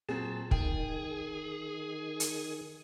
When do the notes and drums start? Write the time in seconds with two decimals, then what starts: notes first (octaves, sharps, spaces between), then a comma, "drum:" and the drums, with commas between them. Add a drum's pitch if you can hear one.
0.09 A#2 F#3 C4 G#4 A5
0.51 D#3 G#4 G5, drum: kick
2.20 drum: hi-hat